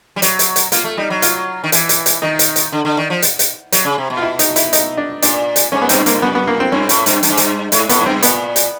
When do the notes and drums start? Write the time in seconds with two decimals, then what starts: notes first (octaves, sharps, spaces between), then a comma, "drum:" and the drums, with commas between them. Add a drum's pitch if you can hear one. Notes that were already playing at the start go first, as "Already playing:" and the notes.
0.16 G3
0.22 F#3, drum: hi-hat
0.39 drum: hi-hat
0.56 drum: hi-hat
0.72 A#3 F4, drum: hi-hat
0.84 A3
0.97 G3 D#4
1.10 F#3
1.22 F4, drum: hi-hat
1.64 D#3
1.72 E3, drum: hi-hat
1.89 drum: hi-hat
2.06 drum: hi-hat
2.22 D#3 D#4
2.39 drum: hi-hat
2.56 drum: hi-hat
2.72 D3
2.85 D3
2.97 D#3
3.10 F3
3.22 drum: hi-hat
3.39 drum: hi-hat
3.72 F#3, drum: hi-hat
3.85 C#3
3.98 C3
4.10 B2
4.17 F4
4.22 E4
4.39 D#4, drum: hi-hat
4.56 E4, drum: hi-hat
4.73 D#4, drum: hi-hat
4.97 D4
5.22 A#2 D4, drum: hi-hat
5.56 drum: hi-hat
5.72 G#2 C#4
5.82 B3
5.89 G2 C4, drum: hi-hat
6.06 G2 A#3, drum: hi-hat
6.22 F#2 B3
6.35 B3
6.47 A#3
6.60 C4
6.72 G2 C#4
6.89 A2, drum: hi-hat
7.06 G2, drum: hi-hat
7.23 G2, drum: hi-hat
7.30 G#2
7.37 G2, drum: hi-hat
7.72 G#2 E4, drum: hi-hat
7.89 A2 B3, drum: hi-hat
8.01 G#2
8.06 G2 C4
8.22 A#2 B3, drum: hi-hat
8.56 drum: hi-hat